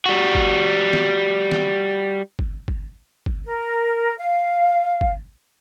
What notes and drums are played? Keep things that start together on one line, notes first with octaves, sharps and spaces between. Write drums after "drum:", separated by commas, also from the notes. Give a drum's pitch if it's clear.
G3 F#4
drum: kick
drum: snare
drum: snare
drum: kick
drum: kick
drum: kick
A#4
F5
drum: kick